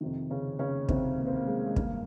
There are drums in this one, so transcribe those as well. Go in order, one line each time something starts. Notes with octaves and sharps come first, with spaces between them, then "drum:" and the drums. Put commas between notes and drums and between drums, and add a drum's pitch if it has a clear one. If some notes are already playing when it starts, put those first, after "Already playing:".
F2 C3 D#3
C#3 C#4
C#3 C#4
F2 C3 D#3 C4, drum: kick
A#3
C4
A#3
G#3
G#3
G2 D#3 A#3, drum: kick